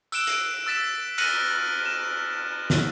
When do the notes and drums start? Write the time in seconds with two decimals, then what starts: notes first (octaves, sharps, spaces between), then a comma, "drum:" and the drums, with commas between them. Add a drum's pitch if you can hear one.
0.12 E6 F#6 D7 E7, drum: tambourine
0.27 drum: hi-hat
0.67 E6 A6 B6 E7
1.18 F6 F#6 A#6 C#7 D#7 F#7, drum: cymbal
1.86 E7
2.70 drum: snare